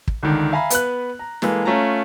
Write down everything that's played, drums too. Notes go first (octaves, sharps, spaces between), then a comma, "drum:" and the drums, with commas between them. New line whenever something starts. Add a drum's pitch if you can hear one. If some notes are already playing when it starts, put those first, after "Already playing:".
drum: kick
C#2 D3 D#3
E5 F5 G#5 A#5 B5
B3 B4 F#6, drum: hi-hat
A#5
E3 G#3 A#3 A4 B4, drum: snare
A3 C#4 F4 A5 A#5